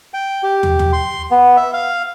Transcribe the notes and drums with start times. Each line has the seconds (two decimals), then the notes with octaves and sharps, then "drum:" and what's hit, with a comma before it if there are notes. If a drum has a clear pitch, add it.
0.14 G5
0.43 G4
0.63 drum: tom
0.79 drum: tom
0.93 C6
1.31 B3
1.57 E5
1.73 F5